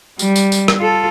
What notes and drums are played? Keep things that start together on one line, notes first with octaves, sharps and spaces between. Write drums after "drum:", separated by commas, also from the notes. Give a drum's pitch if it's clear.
G3, drum: tambourine
drum: tambourine
drum: tambourine
drum: rim click
F4 A4